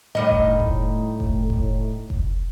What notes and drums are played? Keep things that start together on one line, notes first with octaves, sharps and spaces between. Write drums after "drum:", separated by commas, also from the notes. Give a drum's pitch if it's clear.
A2 D#3 G3 D#5
drum: kick F1
drum: kick F1
drum: kick F1
drum: kick F1
drum: kick F1